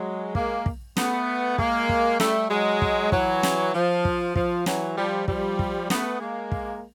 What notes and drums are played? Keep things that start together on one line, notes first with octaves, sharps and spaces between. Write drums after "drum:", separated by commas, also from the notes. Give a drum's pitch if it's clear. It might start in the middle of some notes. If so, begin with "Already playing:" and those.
Already playing: F#3 G#3
G#3 A#3, drum: kick
drum: kick
A3 B3, drum: snare
G#3 A#3, drum: kick
drum: kick
G3 A3, drum: snare
F#3 G#3
drum: kick
E3 F#3, drum: kick
drum: snare
F3
drum: kick
F3, drum: kick
E3 F#3, drum: snare
F3 G3
F3 G3, drum: kick
drum: kick
A3 B3, drum: snare
G#3 A#3
drum: kick